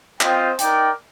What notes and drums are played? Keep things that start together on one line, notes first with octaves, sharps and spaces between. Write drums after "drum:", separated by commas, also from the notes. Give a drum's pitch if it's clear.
C4 F4 C5 D#5 G5, drum: clap
D#4 A#4 D5 G5, drum: hi-hat